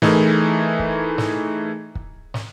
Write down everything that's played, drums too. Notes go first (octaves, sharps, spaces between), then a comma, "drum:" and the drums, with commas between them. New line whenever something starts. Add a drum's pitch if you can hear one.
E3 A3 D#4 E4 G#4 A#4, drum: snare
drum: kick
drum: snare
drum: kick
drum: snare